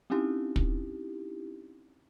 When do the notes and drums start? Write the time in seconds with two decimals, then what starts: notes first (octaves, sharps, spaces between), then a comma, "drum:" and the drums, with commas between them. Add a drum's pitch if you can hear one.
0.10 C4 C#4 D#4 E4 G4
0.56 drum: kick